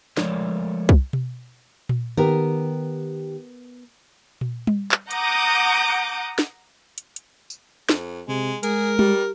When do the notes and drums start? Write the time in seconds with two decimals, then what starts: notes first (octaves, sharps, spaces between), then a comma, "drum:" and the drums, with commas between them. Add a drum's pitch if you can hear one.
0.17 F3 G#3 A3 A#4 C#5 D5, drum: snare
0.89 drum: kick
1.13 drum: tom B2
1.89 drum: tom A#2
2.17 D#3 B3 G4 A#4
4.41 drum: tom A#2
4.67 drum: tom G3
4.92 drum: clap
5.11 F#5 A#5 D6 D#6 G6, drum: hi-hat
6.39 drum: snare
6.98 drum: hi-hat
7.16 drum: hi-hat
7.50 drum: tambourine
7.89 F2, drum: snare
8.28 C3 G#3
8.63 G#3 G#4 A#4, drum: hi-hat
8.99 G3 G4, drum: tom G3